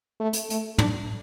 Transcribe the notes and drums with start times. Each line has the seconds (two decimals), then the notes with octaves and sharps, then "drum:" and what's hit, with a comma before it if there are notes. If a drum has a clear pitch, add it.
0.20 A3
0.33 drum: hi-hat
0.50 A3, drum: hi-hat
0.78 D4, drum: tom